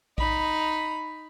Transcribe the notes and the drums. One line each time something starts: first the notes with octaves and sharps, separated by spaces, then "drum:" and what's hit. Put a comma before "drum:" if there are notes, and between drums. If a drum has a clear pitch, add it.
D#4 B5, drum: kick A#1